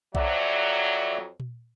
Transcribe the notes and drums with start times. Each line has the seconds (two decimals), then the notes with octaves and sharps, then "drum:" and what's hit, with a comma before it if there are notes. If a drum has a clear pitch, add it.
0.15 F2 F#3 D5 E5 F#5, drum: kick B1
1.40 drum: tom A#2